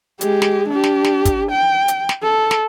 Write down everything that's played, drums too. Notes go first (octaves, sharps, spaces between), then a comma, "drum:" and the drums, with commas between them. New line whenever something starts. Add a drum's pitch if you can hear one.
G#3 G4, drum: hi-hat
drum: snare
D4 G4
drum: snare
drum: snare
drum: kick, hi-hat
G5
drum: hi-hat
drum: snare
A4
drum: snare